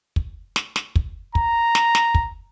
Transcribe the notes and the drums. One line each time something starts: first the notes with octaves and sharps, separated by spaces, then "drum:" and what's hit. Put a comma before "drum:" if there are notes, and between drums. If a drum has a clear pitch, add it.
drum: kick
drum: snare
drum: snare
drum: kick
A#5, drum: kick
drum: snare
drum: snare
drum: kick